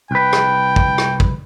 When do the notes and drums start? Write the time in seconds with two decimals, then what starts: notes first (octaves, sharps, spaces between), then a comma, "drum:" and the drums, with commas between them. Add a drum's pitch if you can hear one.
0.11 C2 B4 G5
0.33 drum: rim click
0.76 drum: kick
0.98 drum: rim click
1.20 drum: kick